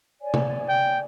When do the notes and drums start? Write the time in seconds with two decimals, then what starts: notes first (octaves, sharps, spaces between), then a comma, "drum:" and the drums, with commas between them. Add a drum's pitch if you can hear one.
0.22 C#5 D5 G#5
0.34 drum: tom C3
0.69 G5